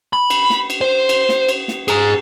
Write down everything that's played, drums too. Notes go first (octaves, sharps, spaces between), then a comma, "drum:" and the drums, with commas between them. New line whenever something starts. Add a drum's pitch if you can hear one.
B5
drum: cymbal
drum: snare
drum: cymbal
C5
drum: cymbal
drum: snare
drum: cymbal
drum: snare
G#4 A#5, drum: cymbal